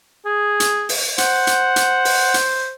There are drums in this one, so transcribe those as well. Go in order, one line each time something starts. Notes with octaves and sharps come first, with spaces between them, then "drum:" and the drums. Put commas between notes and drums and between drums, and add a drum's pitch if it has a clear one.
G#4
drum: hi-hat
drum: open hi-hat
C5 F#5, drum: hi-hat
drum: hi-hat
drum: hi-hat
drum: open hi-hat
drum: hi-hat